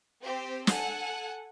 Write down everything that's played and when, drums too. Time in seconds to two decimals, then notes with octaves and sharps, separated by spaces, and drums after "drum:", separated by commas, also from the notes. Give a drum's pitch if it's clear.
0.24 C4 G4 C5
0.67 A4 F#5 G#5, drum: snare